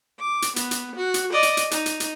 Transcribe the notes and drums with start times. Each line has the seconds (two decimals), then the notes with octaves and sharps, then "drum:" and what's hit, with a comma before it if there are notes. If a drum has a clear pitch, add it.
0.20 D6
0.42 drum: hi-hat
0.56 B3, drum: hi-hat
0.71 drum: hi-hat
0.96 F#4
1.14 drum: hi-hat
1.32 D5 D#5
1.43 drum: hi-hat
1.57 drum: hi-hat
1.71 D#4, drum: hi-hat
1.86 drum: hi-hat
2.00 drum: hi-hat